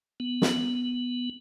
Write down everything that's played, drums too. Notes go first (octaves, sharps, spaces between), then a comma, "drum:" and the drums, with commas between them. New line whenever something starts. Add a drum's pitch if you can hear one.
B3
drum: snare